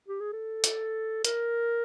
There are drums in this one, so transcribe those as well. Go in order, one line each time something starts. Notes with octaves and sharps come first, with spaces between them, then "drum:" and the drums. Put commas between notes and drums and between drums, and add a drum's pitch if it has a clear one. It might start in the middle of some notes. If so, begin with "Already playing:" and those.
G4
G#4
A4
drum: hi-hat
A#4, drum: hi-hat